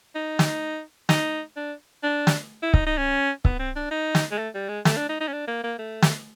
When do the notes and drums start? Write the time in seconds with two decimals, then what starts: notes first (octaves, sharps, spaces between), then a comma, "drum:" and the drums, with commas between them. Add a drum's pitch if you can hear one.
0.15 D#4
0.39 drum: snare
1.09 D#4, drum: snare
1.56 D4
2.03 D4
2.27 drum: snare
2.62 E4
2.74 D#4, drum: kick C#1
2.86 D#4
2.97 C#4
3.45 B3, drum: kick C#1
3.59 C4
3.76 D4
3.91 D#4
4.15 drum: snare
4.31 G#3
4.38 A3
4.54 G3
4.69 G#3
4.85 A3, drum: snare
4.97 D4
5.09 D#4
5.20 D#4
5.28 C#4
5.33 D4
5.47 A#3
5.63 A#3
5.79 A3
6.02 drum: snare